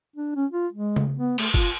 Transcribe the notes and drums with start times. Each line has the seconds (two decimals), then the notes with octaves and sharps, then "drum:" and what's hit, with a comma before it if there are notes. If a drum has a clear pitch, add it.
0.16 D4
0.35 C#4
0.52 F4
0.73 G#3
0.96 drum: tom C#3
1.17 B3
1.38 A3, drum: cymbal
1.54 F4, drum: kick G1